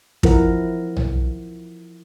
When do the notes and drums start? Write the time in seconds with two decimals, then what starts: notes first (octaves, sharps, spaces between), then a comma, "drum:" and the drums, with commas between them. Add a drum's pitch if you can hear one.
0.23 F3 E4 A#4 F#5, drum: kick
0.97 drum: tom